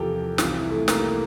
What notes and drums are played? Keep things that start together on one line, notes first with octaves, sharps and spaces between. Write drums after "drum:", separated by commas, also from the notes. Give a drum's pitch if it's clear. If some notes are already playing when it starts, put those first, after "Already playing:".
Already playing: E2 C3 F3 G4 A4 A#4
C2 C3 E3 F4, drum: snare
E4
A3
A#3, drum: snare